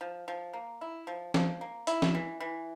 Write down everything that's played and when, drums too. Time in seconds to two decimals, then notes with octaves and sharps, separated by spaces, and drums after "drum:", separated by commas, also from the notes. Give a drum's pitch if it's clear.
0.01 F3
0.28 F3
0.53 A#3
0.81 E4
1.07 F3
1.34 F3, drum: snare
1.61 A#3
1.87 E4, drum: hi-hat
2.02 drum: snare
2.15 E3
2.40 E3